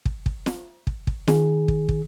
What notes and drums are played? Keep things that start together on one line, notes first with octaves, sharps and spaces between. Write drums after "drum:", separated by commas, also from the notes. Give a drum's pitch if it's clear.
drum: kick
drum: kick
drum: snare
drum: kick
drum: kick
D#3 G#4, drum: snare
drum: kick
drum: kick